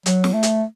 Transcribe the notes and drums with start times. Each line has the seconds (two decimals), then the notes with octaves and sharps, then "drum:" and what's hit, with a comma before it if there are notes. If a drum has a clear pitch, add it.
0.06 F#3, drum: hi-hat
0.24 drum: snare
0.33 A3
0.43 drum: hi-hat